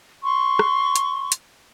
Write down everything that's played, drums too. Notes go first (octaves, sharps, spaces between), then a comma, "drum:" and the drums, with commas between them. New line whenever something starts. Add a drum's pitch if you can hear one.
C6 C#6
drum: rim click
drum: hi-hat
drum: hi-hat